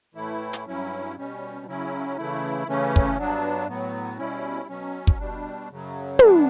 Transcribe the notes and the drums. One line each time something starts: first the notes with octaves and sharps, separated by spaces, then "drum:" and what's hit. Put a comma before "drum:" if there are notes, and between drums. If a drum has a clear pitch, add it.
A2 E3 A3 E4
drum: hi-hat
G2 F#3 C#4 E4
B2 G3 C#4
C#3 F#3 C#4 E4
C#3 E3 A3 E4
C#3 E3 A3 C#4
drum: kick
G2 F#3 B3 D4
A2 F#3 B3
B2 G3 C#4 E4
B2 F#3 C#4
drum: kick
B2 G3 D4
F#2 C#3 F#3
G2 E3 B3 D4, drum: tom